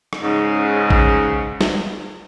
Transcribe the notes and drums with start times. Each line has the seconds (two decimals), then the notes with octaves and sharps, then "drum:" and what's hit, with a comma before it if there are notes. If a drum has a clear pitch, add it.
0.13 drum: rim click
0.22 G#2 C#3
0.90 drum: kick
1.61 drum: snare